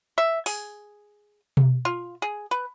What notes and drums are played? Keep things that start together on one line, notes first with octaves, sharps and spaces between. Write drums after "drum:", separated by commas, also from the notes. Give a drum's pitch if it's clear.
E5
G#4, drum: open hi-hat
drum: tom B2
F4
G#4
B4